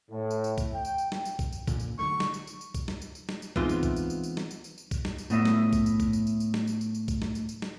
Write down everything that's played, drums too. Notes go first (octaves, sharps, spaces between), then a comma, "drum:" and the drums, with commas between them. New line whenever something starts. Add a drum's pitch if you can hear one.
A2
drum: tambourine
drum: tambourine
drum: kick C2, tambourine
G5
drum: tambourine
drum: tambourine
drum: snare
drum: tambourine
drum: kick C2, tambourine
drum: tambourine
A#2 D3, drum: kick C2, tambourine
drum: tambourine
D3 F#3 A3 C#6
drum: snare
drum: tambourine
drum: tambourine
drum: tambourine
drum: kick C2, tambourine
drum: snare
drum: tambourine
drum: tambourine
drum: snare
drum: tambourine
E3 G#3 B3 C4 D#4 F4, drum: kick C2
drum: tambourine
drum: kick C2, tambourine
drum: tambourine
drum: tambourine
drum: tambourine
drum: snare
drum: tambourine
drum: tambourine
drum: tambourine
drum: kick C2, tambourine
drum: snare
drum: tambourine
A2 B3 D#5 E5, drum: tambourine
drum: snare
drum: kick C2, tambourine
drum: tambourine
drum: kick C2, tambourine
drum: tambourine
drum: tambourine
drum: tambourine
drum: snare
drum: tambourine
drum: tambourine
drum: tambourine
drum: kick C2, tambourine
drum: snare
drum: tambourine
drum: tambourine
drum: snare